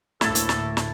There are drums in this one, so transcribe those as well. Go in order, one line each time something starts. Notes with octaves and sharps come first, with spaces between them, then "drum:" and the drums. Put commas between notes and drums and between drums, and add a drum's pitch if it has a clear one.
D2 A2 A3 A#3 E4 A4 A5, drum: snare
drum: hi-hat
drum: snare
drum: snare